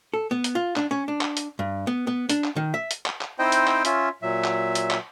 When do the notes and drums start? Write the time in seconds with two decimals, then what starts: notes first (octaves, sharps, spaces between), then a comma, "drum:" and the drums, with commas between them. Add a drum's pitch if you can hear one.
0.14 A4
0.31 B3
0.44 drum: hi-hat
0.55 F4
0.76 D4, drum: clap
0.91 C#4
1.08 D4
1.21 drum: clap
1.37 drum: hi-hat
1.59 G2
1.87 B3
2.07 B3
2.30 D4, drum: hi-hat
2.44 drum: clap
2.56 D#3
2.74 E5
2.91 drum: hi-hat
3.06 drum: clap
3.21 drum: clap
3.39 C4 D#4 E4 C5 D#5 G5
3.52 drum: hi-hat
3.68 drum: clap
3.85 C#4 F4 E5, drum: hi-hat
4.22 A#2 F#3 E5
4.45 drum: clap
4.75 drum: hi-hat
4.91 drum: clap